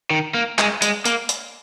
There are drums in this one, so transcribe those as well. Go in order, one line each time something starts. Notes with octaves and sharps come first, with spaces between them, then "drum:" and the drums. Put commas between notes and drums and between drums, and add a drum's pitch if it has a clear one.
D#3
A#3
G#3, drum: clap
G#3, drum: hi-hat
A#3, drum: hi-hat
drum: hi-hat